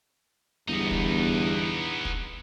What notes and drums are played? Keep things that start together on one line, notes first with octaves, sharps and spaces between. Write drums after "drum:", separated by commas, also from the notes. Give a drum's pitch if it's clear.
G1 E2 B3 D#4
drum: kick
drum: kick